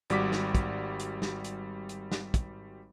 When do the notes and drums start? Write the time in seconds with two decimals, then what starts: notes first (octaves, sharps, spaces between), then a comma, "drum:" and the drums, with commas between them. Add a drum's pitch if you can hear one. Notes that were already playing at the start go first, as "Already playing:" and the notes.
0.10 G#1 G3 F#4 D6 B6, drum: hi-hat
0.32 drum: snare
0.55 drum: kick, hi-hat
0.99 drum: hi-hat
1.22 drum: snare
1.44 drum: hi-hat
1.89 drum: hi-hat
2.12 drum: snare
2.34 drum: kick, hi-hat